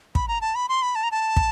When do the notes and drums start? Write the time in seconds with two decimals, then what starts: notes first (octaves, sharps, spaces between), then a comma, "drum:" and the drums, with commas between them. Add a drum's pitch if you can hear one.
0.15 B5, drum: kick
0.28 A#5
0.41 A5
0.55 B5
0.69 C6
0.82 B5
0.95 A5
1.03 A#5
1.11 A5
1.37 drum: kick